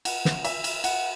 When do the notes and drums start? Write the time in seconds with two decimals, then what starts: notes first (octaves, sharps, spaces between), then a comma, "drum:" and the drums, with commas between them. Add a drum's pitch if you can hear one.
0.05 F#5, drum: cymbal
0.25 drum: snare
0.45 E5, drum: cymbal
0.64 drum: cymbal
0.84 F#5, drum: cymbal